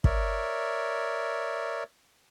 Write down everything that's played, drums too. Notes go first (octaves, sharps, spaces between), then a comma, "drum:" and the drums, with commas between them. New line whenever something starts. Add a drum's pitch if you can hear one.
A#4 C#5 D5 E5, drum: kick